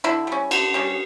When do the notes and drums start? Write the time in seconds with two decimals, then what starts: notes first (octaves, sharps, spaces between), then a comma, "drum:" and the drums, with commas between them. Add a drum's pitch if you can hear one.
0.04 D3 E4
0.27 G3 C#4
0.51 D3, drum: cymbal
0.74 G3 C#4